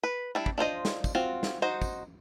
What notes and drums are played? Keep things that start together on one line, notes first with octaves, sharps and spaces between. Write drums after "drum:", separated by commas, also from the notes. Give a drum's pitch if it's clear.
B4
G3 D4 E4
drum: kick
D4 F4 C5 D#5
drum: snare
drum: kick, tambourine
C4 F4 F#4
drum: snare
D#4 F#4 C5
drum: kick, tambourine